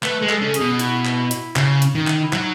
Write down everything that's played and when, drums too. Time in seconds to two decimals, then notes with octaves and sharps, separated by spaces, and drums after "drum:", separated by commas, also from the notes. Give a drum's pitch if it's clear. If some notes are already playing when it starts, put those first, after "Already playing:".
0.03 A3 B4, drum: clap
0.22 G#3
0.29 A4, drum: clap
0.42 C#3
0.54 G#4, drum: hi-hat
0.61 B2
0.79 E4, drum: hi-hat
1.05 drum: clap
1.31 drum: hi-hat
1.56 C#3, drum: clap
1.82 drum: hi-hat
1.95 D#3
2.07 drum: clap
2.22 E4
2.33 F#3 D#4, drum: clap